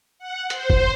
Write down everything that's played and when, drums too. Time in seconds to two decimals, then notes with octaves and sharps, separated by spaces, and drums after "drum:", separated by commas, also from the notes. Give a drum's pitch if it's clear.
0.19 F#5
0.50 C5, drum: hi-hat
0.70 drum: kick